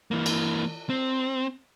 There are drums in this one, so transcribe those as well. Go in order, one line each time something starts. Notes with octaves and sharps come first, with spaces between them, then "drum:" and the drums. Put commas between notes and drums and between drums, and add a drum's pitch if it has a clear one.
E3 A#3
drum: cymbal
C4